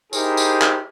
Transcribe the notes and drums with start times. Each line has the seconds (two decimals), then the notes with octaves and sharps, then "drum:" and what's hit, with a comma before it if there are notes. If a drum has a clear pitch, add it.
0.13 D#4 E4 G4 G#4 A#4 C5, drum: tambourine
0.37 drum: tambourine
0.62 drum: clap